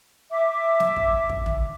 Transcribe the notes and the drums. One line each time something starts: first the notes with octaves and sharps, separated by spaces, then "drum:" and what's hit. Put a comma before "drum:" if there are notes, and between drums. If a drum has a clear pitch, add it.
E5 D6
drum: snare
drum: kick
drum: kick
drum: tom